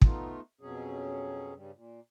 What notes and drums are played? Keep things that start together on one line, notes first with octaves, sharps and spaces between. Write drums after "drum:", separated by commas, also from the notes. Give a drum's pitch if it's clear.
A3 B3 D#4 F4, drum: kick
F2 B2 F#3 C#4 G#4
G2 C#3 G3
A#2